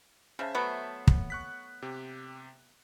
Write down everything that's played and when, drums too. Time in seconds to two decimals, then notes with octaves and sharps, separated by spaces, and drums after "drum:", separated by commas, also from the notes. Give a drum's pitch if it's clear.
0.39 C#3 C5 E5 A5
0.55 F#3 A3 B3
1.07 drum: kick
1.30 C#6 F#6 B6
1.82 C3 G4